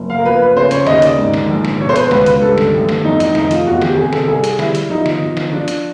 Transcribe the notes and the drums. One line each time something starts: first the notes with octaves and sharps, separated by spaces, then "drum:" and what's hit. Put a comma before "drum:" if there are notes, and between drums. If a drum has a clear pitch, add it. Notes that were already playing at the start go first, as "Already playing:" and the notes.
Already playing: F#1
F5
A#4
F3 B4
B4
C#3 C5
C#5, drum: hi-hat
D#2 D#5, drum: snare
D5, drum: hi-hat
G#2
drum: snare
A#1
drum: snare
B2 C#5
C5
B4, drum: hi-hat
C#2 B4, drum: snare
B4, drum: hi-hat
G2 A4
drum: snare
A1
drum: snare
F2 D#4
D#4, drum: hi-hat
F1 D#4, drum: snare
F4, drum: hi-hat
E2 F#4
G4, drum: snare
C3 G#4
A4, drum: snare
C2 G#4
drum: hi-hat
G3 E4, drum: snare
drum: hi-hat
F3 D#4
drum: snare
F3
drum: snare
F3 D4
drum: hi-hat